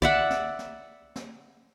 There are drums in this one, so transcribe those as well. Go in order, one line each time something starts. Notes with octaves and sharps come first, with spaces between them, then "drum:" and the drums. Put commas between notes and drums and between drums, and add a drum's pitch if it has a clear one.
D5 E5 F#5, drum: kick
drum: snare
drum: snare
drum: snare